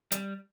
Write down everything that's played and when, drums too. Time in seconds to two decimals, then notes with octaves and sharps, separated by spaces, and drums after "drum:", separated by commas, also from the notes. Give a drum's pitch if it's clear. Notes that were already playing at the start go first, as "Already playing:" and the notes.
0.12 G3, drum: hi-hat